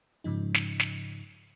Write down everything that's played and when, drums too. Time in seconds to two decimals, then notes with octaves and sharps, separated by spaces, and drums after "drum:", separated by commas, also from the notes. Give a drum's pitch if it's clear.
0.24 G#2 C#3 F3 D#4
0.54 drum: snare
0.80 drum: snare